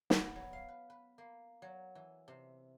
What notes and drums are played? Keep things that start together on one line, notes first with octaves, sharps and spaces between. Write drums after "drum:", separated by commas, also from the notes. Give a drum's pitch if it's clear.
B3, drum: snare
F#3
F5
B4
B4
A#3
F#3
E3
C3